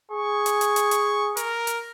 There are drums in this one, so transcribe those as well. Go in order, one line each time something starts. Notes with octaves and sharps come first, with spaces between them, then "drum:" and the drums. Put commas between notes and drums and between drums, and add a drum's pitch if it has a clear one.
G#4 C#6
drum: hi-hat
drum: hi-hat
drum: hi-hat
drum: hi-hat
A#4, drum: hi-hat
drum: hi-hat